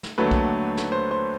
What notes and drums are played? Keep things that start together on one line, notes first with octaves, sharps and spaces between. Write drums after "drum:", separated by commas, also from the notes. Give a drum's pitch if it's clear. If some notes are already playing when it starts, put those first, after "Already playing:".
drum: snare
D#2 D3 F#3 A3 B4
drum: kick B1
drum: snare
C5
C5